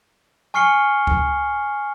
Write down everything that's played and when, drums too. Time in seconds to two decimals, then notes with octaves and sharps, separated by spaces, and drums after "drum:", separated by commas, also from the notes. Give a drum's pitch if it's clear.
0.54 G#5 C#6 F6 C7 C#7 G7
1.07 drum: kick C#2